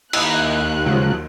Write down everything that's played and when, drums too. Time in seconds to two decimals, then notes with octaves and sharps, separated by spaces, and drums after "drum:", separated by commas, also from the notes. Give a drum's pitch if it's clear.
0.13 D#2 D#4 E4 F#6, drum: cymbal
0.86 C#3 F3 F#3 G#3 F4